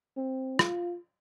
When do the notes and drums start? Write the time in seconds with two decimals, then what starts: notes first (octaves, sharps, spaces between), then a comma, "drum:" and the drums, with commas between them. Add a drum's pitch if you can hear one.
0.17 C4
0.59 F4, drum: rim click